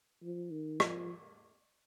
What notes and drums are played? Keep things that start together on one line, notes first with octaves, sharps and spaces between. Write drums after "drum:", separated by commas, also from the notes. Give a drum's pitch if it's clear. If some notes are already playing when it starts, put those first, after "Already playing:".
F3
D#3
F3, drum: rim click